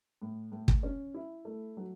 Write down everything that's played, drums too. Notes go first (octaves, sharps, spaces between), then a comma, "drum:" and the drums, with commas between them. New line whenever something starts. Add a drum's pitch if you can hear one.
A2
A2
drum: kick
C#4
E4
A3
F#3